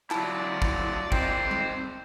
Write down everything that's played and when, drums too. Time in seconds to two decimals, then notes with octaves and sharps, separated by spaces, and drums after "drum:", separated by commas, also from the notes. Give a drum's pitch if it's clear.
0.11 F#3 E4 F4 D5 A5, drum: clap
0.62 drum: kick
1.12 C4 C5 D#5 G5, drum: kick
1.51 drum: tom G3